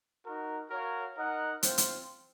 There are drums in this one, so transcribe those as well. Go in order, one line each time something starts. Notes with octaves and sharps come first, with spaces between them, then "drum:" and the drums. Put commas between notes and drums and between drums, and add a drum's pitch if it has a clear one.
D#4 F#4 A#4
F#4 A#4 C#5 F5
D#4 A#4 D#5 F#5
C4 F4 C5, drum: hi-hat
drum: hi-hat